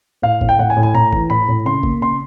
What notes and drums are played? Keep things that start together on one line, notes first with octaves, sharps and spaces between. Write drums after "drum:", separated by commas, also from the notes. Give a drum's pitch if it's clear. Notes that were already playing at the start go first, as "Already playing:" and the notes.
A2 F5
A2, drum: kick G1
G5
A2 F#5
G#5
A2
G#5
A2 A#5
E3, drum: kick G1
A2 B5
A2
C#3 C6
A#3, drum: kick G1
C#3 C6